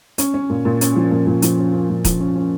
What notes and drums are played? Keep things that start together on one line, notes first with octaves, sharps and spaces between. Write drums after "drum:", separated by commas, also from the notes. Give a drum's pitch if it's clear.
C#4, drum: hi-hat
C#4
A#2
A#2
C#4, drum: hi-hat
F3
A#2
A#2
F3, drum: hi-hat
C#4
C#4
A#2
F3, drum: kick, hi-hat
C#4
C#4